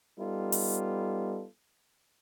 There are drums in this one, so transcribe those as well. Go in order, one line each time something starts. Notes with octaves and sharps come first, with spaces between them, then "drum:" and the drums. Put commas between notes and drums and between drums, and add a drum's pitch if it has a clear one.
G3 B3 D#4 F4 A4
drum: open hi-hat